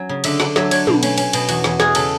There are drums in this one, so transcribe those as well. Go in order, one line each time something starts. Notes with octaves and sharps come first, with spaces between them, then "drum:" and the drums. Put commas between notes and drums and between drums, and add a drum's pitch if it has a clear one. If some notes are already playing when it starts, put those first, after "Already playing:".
Already playing: F#3 C#4
C#3
D3 E5, drum: cymbal
D4 F#5, drum: snare
F#3 E5, drum: snare
D3 C#5, drum: cymbal
B2, drum: tom
C#4, drum: cymbal
C#4, drum: cymbal
B2, drum: cymbal
E2 F#4, drum: cymbal
E2, drum: snare
G#3 G#4, drum: snare
C#3 A4, drum: cymbal